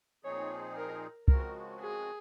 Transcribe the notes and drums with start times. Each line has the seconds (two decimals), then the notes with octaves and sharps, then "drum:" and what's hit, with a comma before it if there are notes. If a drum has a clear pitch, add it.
0.24 A#2 F3 C4 D#4 G#4 C#5
0.77 A#4
1.28 C#3 F3 G#3 C4 F#4 A#4, drum: kick
1.80 G#4